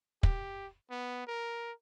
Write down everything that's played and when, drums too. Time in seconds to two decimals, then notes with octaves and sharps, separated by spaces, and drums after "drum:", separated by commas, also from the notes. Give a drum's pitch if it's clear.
0.23 G4, drum: kick
0.91 B3
1.27 A#4